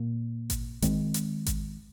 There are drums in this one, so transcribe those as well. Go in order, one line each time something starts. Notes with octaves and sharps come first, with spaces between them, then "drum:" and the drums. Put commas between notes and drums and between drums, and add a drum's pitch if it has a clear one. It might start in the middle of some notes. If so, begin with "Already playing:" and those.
Already playing: A#2 A#3
drum: kick G#1, hi-hat
D#3 G#3 C4, drum: kick G#1, hi-hat
drum: hi-hat
drum: kick G#1, hi-hat